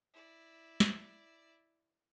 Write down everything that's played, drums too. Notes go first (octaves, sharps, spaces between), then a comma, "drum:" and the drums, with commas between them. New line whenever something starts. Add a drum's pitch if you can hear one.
E4 D5
drum: snare